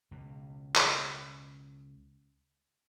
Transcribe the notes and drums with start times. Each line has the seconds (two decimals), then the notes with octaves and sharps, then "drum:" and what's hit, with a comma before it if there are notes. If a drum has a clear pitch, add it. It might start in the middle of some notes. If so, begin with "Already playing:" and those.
0.11 C#2 B2
0.76 drum: clap